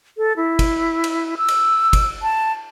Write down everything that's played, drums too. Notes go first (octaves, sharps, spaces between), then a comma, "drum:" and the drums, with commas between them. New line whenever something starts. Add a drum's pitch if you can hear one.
A4
E4
drum: kick, cymbal
drum: cymbal
E6
drum: cymbal
drum: kick, cymbal
A5